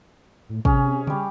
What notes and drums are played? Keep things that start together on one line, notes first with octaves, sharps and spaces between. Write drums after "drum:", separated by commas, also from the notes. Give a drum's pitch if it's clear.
A2
C3 C#4 G#4, drum: kick
G3 D6, drum: tom C#3